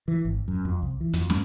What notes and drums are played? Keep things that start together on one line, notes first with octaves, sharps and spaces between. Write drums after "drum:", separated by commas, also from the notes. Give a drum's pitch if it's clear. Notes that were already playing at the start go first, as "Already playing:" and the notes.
E3
G#1
F#2
F2
C2
E3
F2, drum: hi-hat
G2, drum: snare